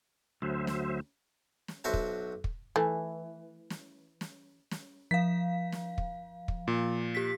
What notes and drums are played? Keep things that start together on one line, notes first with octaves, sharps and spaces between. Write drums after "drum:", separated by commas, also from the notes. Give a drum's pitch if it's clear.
D2 F#3 C5 E5
drum: snare
drum: snare
B1 F#4 C5 E5 A5
drum: kick
drum: kick
E3 A3
drum: snare
drum: snare
drum: snare
F3 F5 B6
drum: snare
drum: kick
drum: kick
A#2
G4 B6